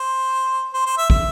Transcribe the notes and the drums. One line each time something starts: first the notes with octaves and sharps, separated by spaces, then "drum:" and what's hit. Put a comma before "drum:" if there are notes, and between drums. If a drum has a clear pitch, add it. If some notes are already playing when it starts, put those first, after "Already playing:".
Already playing: C5
C5
C5
E5
E5, drum: kick